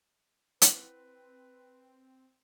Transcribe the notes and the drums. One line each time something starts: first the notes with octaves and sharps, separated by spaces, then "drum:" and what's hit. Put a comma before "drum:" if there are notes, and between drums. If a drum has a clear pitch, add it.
C4 E4 B4 F#5, drum: hi-hat